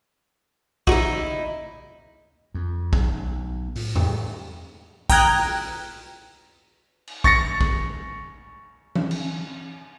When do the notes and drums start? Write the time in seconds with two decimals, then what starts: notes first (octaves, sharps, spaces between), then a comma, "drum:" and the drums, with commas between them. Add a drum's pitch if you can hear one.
0.87 D#4 E4 F#4 C#6, drum: kick
2.54 F2
2.93 B1, drum: kick
3.76 A2, drum: open hi-hat
3.96 drum: tom E2
5.10 G5 A#5 D#6 F6 F#6 G#6, drum: kick
5.37 drum: open hi-hat
7.07 drum: cymbal
7.24 C#6 A6 A#6 C#7, drum: kick
7.61 drum: kick
8.96 drum: tom E3
9.11 drum: cymbal